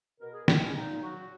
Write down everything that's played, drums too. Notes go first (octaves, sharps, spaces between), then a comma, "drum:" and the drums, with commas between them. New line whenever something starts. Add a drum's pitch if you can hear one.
B2 A#4
G#4
G#3, drum: snare
C#4
A#2 D#4
F#3 F#4